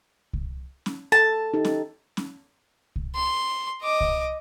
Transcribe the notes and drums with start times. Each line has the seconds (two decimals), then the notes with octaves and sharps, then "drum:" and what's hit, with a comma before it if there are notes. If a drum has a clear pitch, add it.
0.33 drum: kick C2
0.86 drum: snare C#4
1.12 A4 A5
1.54 D#4 G4 A4
1.65 drum: snare C#4
2.17 drum: snare C#4
2.96 drum: kick C2
3.15 C6
3.82 D#5 D6
4.01 drum: kick C2